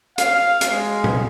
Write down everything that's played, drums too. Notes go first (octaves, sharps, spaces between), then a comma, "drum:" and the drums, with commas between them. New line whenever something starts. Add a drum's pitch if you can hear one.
F5, drum: hi-hat
drum: hi-hat
G#3
drum: tom A#2